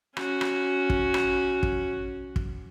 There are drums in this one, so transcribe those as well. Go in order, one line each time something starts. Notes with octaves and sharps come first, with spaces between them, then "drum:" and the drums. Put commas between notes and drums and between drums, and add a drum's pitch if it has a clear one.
C#4 F#4, drum: rim click
drum: rim click
drum: kick
drum: rim click
drum: kick
drum: kick